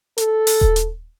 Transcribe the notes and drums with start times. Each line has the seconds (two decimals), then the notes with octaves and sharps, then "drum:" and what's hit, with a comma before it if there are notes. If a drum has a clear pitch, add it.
0.18 A4, drum: hi-hat
0.47 drum: open hi-hat
0.61 drum: kick D#1
0.76 drum: hi-hat